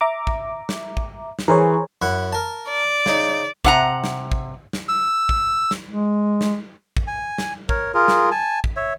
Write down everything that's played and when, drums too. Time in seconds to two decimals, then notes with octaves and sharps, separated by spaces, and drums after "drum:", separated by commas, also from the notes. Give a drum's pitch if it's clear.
0.01 E5 A#5 D6
0.27 drum: kick
0.69 drum: snare
0.97 drum: kick
1.39 drum: snare
1.48 E3 G#4 A#4 C5 C#5
2.02 F#2 E4 F#5
2.33 A#4 A5
2.68 D5
3.06 C#3 D#4, drum: snare
3.65 C3 F#5 A#5, drum: kick
4.04 drum: snare
4.32 drum: kick
4.73 drum: snare
4.88 E6
5.29 drum: kick
5.71 drum: snare
5.90 G#3
6.41 drum: snare
6.97 drum: kick
7.07 G#5
7.38 drum: snare
7.69 A#4 C#5, drum: kick
7.94 F4 G#4 A#4
8.08 drum: snare
8.31 G#5 A5
8.64 drum: kick
8.77 C#5 E5